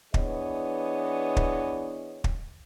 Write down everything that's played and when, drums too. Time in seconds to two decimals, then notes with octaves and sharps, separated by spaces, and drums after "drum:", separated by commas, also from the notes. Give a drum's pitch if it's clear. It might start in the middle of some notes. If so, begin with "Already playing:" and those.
0.14 E3 B3 D4 G#4 C#5 D#5, drum: kick
1.37 drum: kick
2.24 drum: kick